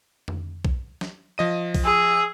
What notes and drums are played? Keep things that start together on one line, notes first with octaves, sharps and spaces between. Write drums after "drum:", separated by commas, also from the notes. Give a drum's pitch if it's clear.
drum: tom F2
drum: kick A#1
drum: snare
F3 D#5 D#7
drum: kick A#1, open hi-hat
G#4 E6